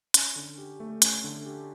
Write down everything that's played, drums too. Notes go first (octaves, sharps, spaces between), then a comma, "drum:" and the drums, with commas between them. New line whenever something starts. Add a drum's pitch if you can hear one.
C#4, drum: hi-hat
D3
G4
A3
C#4, drum: hi-hat
D3
G4